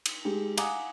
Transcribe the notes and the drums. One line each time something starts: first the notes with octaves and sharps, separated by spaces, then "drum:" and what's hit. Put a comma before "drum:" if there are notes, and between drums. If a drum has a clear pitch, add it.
drum: cymbal
G#3 D#4 G4
F5 F#5 G#5 A#5 D6 D#6, drum: cymbal